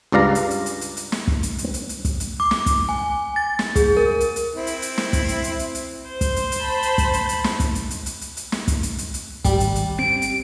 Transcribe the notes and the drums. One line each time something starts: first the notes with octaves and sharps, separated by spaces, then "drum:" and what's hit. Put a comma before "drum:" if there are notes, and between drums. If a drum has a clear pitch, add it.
C#2 G2 D5 F5 A#5
drum: hi-hat
drum: hi-hat
drum: hi-hat
drum: hi-hat
drum: hi-hat
drum: snare
drum: kick
drum: hi-hat
drum: hi-hat
drum: hi-hat
drum: hi-hat
drum: kick, hi-hat
drum: hi-hat
D6
drum: snare
drum: kick, hi-hat
G#5
A6
drum: snare
G#4, drum: kick, hi-hat
A#4
drum: hi-hat
drum: hi-hat
C4 E4
drum: hi-hat
drum: hi-hat
drum: snare
drum: kick, hi-hat
drum: hi-hat
drum: hi-hat
drum: hi-hat
drum: hi-hat
C5
drum: kick, hi-hat
drum: hi-hat
drum: hi-hat
A5 B5
drum: hi-hat
drum: kick, hi-hat
drum: hi-hat
drum: hi-hat
drum: snare
drum: kick, hi-hat
drum: hi-hat
drum: hi-hat
drum: hi-hat
drum: hi-hat
drum: hi-hat
drum: snare
drum: kick, hi-hat
drum: hi-hat
drum: hi-hat
drum: hi-hat
G#1 G3, drum: kick, hi-hat
drum: hi-hat
drum: hi-hat
C4 D7
drum: hi-hat